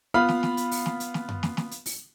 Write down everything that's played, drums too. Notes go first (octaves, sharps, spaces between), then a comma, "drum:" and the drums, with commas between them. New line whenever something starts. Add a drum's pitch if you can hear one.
B3 F4 F5 B5 F6
drum: snare
drum: snare
drum: hi-hat
drum: open hi-hat
drum: snare
drum: hi-hat
drum: snare
drum: tom F#2
drum: snare
drum: snare
drum: hi-hat
drum: open hi-hat